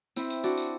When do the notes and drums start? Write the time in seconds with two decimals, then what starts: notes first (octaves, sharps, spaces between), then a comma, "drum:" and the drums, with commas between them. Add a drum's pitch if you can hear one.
0.16 C4 E4, drum: tambourine
0.30 drum: tambourine
0.44 D4 F#4, drum: tambourine
0.57 drum: tambourine